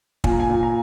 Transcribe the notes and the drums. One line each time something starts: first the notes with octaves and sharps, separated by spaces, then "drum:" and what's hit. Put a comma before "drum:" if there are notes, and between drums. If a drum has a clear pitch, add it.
A#2 G#5, drum: kick
A#5
G#5
A#2
A#5